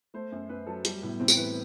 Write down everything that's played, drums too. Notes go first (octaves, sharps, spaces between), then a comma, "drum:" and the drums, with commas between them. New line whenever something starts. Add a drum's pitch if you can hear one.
A3 C5
F#2
F#2 B4
F#3 A4
G3 G4, drum: hi-hat
A2 B3
A2 C4
G4, drum: tambourine
E3 B4